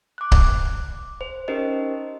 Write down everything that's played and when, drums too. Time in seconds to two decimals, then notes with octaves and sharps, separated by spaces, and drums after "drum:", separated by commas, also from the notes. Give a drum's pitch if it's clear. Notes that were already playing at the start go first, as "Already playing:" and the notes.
0.18 D6 F#6
0.32 drum: kick C#1
1.21 C5
1.48 C#4 D#4 G4 A#4 C5 D#5